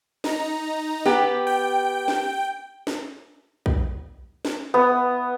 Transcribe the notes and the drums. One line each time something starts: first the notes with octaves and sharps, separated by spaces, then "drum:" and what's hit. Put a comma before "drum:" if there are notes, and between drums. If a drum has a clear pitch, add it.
D#4 A#5, drum: snare
B3 G4, drum: snare
G5
drum: snare
drum: snare
drum: kick A#1
drum: snare
B3